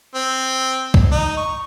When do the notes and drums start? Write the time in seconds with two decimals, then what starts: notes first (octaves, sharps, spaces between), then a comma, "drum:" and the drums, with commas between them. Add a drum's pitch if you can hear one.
0.15 C4
0.94 drum: kick
1.11 D#4
1.37 C#6